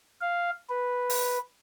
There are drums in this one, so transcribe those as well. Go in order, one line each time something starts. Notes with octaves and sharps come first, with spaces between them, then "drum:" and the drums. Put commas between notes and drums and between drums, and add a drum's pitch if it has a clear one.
F5
B4
drum: open hi-hat